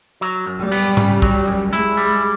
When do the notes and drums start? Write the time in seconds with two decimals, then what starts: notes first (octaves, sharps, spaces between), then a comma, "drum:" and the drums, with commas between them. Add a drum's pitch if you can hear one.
0.21 F#3
0.46 F#2
0.60 G3
0.72 B3, drum: cymbal
0.97 C#3, drum: tom G#2
1.22 F#3, drum: kick
1.47 F#2
1.73 G#3 E4, drum: hi-hat
1.97 G3